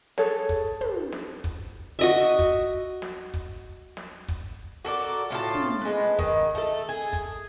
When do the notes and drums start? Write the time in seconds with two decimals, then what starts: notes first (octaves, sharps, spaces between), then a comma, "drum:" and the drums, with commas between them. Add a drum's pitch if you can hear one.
0.18 G#4 A4 C#5, drum: snare
0.49 drum: kick, hi-hat
0.81 drum: tom
1.12 drum: snare
1.44 drum: kick, hi-hat
1.99 F#4 D#5 E5
2.39 drum: kick, hi-hat
3.02 drum: snare
3.34 drum: kick, hi-hat
3.97 drum: snare
4.28 drum: kick, hi-hat
4.85 F#4 A4 A#4 D5
5.30 A2 F4 G4 A5
5.55 drum: tom
5.81 G#3 B4
6.19 D#3, drum: kick, hi-hat
6.55 A3 A4
6.89 G#4
7.13 drum: kick, hi-hat